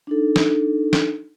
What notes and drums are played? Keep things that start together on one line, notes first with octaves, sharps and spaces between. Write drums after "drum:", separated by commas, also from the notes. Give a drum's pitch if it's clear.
D4 D#4 A4
drum: snare
drum: snare